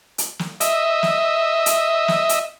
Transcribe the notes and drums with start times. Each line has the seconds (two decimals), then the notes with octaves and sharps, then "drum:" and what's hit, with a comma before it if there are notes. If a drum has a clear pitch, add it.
0.18 drum: hi-hat
0.39 drum: snare
0.60 D#5 E5, drum: hi-hat
1.03 drum: snare
1.66 drum: hi-hat
2.08 drum: snare
2.29 drum: hi-hat